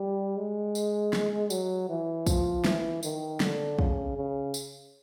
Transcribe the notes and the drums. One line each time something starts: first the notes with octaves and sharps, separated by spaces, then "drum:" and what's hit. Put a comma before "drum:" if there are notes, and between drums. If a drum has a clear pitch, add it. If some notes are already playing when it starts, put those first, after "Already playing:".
Already playing: G3
G#3
drum: tambourine
drum: snare
F#3, drum: tambourine
E3
F3, drum: kick, tambourine
E3, drum: snare
D#3, drum: tambourine
D3, drum: snare
C#3, drum: kick
C#3
drum: tambourine